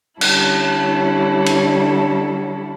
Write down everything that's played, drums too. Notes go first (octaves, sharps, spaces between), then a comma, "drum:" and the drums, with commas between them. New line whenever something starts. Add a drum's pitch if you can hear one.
D3 G3 C#4 E4 A4, drum: cymbal
drum: cymbal